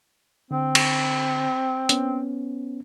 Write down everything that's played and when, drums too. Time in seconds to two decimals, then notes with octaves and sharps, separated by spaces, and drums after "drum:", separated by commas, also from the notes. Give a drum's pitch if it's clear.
0.51 D3 C4
0.75 drum: cymbal
1.89 B3 C#4, drum: hi-hat